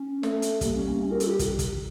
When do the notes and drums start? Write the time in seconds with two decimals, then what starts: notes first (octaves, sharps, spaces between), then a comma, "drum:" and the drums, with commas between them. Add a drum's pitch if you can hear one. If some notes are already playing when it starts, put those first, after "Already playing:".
Already playing: C#4
0.23 A3, drum: snare
0.42 drum: hi-hat
0.61 G3 A#3, drum: kick, hi-hat
0.74 C#4
0.88 A#3
1.01 C#4
1.11 A#4
1.20 A4, drum: hi-hat
1.26 F4
1.29 G4
1.39 drum: kick, hi-hat
1.59 drum: kick, hi-hat